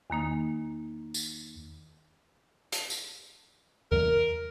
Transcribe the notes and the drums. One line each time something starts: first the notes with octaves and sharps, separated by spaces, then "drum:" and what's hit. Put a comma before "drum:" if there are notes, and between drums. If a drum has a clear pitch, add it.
E2 D#3 A#3 D#4
drum: tambourine
drum: hi-hat
drum: tambourine
A#4, drum: tom E2